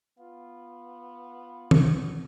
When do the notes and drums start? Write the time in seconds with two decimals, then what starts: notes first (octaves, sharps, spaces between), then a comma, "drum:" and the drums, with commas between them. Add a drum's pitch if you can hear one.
0.19 B3 F4
1.71 drum: tom